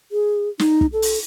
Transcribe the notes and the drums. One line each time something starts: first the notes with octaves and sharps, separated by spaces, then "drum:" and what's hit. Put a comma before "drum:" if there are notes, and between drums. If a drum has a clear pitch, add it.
G#4
D#4, drum: snare
drum: kick
A4
drum: open hi-hat